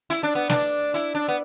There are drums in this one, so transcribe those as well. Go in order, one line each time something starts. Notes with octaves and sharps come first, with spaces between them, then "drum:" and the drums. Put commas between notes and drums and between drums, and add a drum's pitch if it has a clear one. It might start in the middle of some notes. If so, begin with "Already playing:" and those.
E4, drum: hi-hat
D4
B3
D4, drum: snare
E4, drum: hi-hat
D4
B3